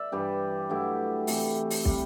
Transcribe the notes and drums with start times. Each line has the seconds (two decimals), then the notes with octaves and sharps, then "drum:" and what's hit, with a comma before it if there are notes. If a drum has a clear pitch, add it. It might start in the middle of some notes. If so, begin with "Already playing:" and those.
Already playing: D5 E5
0.12 G2 E3 G3 G4 B4
0.69 G2 F#3 A3 E4 G4
1.27 C3 E3 A3, drum: open hi-hat
1.70 drum: open hi-hat
1.85 C3 G3, drum: kick